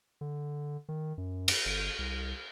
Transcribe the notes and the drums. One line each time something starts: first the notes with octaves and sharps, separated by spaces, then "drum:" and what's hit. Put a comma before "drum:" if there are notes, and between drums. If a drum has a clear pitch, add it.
D3
D#3
F#2
drum: cymbal
G1
C2